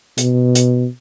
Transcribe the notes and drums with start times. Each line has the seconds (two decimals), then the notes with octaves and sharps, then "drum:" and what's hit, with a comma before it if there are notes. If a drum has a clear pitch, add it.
0.18 B2, drum: hi-hat
0.55 drum: hi-hat